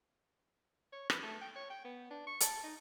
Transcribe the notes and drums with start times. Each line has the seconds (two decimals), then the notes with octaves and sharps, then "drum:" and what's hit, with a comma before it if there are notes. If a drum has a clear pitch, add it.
0.92 C#5
1.10 B4, drum: rim click
1.22 A3
1.41 G5
1.55 C#5
1.70 G5
1.84 B3
2.10 D4
2.27 C#6
2.40 A5, drum: hi-hat
2.63 D#4